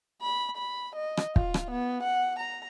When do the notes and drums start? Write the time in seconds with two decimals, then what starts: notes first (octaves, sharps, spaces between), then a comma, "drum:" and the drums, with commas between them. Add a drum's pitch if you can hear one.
0.22 B5
0.57 B5
0.96 D#5
1.17 drum: rim click
1.36 F4, drum: kick
1.54 drum: rim click
1.71 B3
2.03 F#5
2.39 A#5